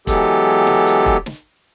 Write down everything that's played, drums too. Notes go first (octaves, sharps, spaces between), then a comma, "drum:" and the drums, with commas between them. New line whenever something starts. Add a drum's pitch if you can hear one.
E3 F#3 G#3 B3 G4 A4, drum: kick E1, hi-hat
drum: snare
drum: hi-hat
drum: kick E1
drum: snare